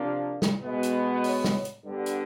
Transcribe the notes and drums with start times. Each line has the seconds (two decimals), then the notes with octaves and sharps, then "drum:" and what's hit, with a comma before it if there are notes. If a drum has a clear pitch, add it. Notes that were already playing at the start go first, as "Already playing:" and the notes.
Already playing: C3 F3 A#3 D4 F4
0.42 drum: snare
0.63 B2 G#3 B3
0.83 drum: hi-hat
1.24 C#5, drum: open hi-hat
1.44 drum: snare
1.65 drum: hi-hat
1.85 G2 D3 G3 B3
2.06 drum: hi-hat